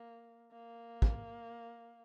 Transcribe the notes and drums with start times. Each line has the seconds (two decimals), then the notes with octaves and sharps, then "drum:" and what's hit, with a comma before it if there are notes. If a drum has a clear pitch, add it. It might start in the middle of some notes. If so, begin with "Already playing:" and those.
Already playing: A#3
0.52 A#3
1.02 drum: kick